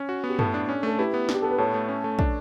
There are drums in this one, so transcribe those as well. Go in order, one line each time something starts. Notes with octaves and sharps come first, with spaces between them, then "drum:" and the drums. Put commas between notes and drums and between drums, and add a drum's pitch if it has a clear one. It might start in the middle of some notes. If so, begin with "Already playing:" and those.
Already playing: C#4
F#4
B3
G4
A2 A4, drum: tom F#2
D4
C#4
A3 A4
E4 G4 B4
B3
D4, drum: snare
G4
B3 A4
B4
A2 A4 C#5
A3
C#4
A3
D4, drum: kick